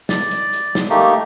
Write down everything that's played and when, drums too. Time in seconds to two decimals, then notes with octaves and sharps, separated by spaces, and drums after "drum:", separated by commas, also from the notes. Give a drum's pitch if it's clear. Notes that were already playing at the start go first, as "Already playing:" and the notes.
0.09 D5, drum: snare
0.31 drum: hi-hat
0.53 drum: hi-hat
0.75 drum: snare
0.90 A3 A#3 D#4 G4